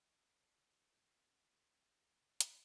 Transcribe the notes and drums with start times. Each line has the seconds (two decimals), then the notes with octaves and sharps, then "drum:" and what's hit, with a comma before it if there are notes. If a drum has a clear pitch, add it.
0.13 A1 A#3 F#5 A5
0.45 F2
0.91 F5 C6
1.95 F2 A#2 C#3
2.41 drum: hi-hat